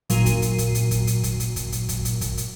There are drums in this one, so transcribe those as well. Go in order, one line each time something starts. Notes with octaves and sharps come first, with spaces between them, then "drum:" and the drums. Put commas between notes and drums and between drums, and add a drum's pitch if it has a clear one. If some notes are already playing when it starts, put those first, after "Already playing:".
G#1 A#2 F#3 A#4 C7 D#7, drum: hi-hat
drum: kick, hi-hat
drum: hi-hat
drum: kick, hi-hat
drum: hi-hat
drum: kick, hi-hat
drum: hi-hat
drum: kick, hi-hat
drum: hi-hat
drum: kick, hi-hat
drum: hi-hat
drum: kick, hi-hat
drum: hi-hat
drum: kick, hi-hat
drum: hi-hat